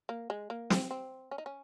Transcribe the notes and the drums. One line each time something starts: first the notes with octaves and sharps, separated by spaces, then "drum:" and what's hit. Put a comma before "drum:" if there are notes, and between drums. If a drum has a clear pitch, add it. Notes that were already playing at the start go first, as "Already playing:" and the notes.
A#3
G#3
A#3
C4, drum: snare
C4
C#4
D#4
C#4